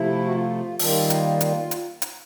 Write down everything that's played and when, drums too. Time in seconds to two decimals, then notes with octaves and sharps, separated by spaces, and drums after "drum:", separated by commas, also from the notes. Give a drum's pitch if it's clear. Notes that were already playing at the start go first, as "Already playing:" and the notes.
Already playing: C3 F3 A3 E4
0.26 F#4
0.34 F4
0.79 D#3 G3 A#3 F4, drum: open hi-hat
1.10 drum: hi-hat
1.41 drum: hi-hat
1.71 drum: hi-hat
2.02 drum: hi-hat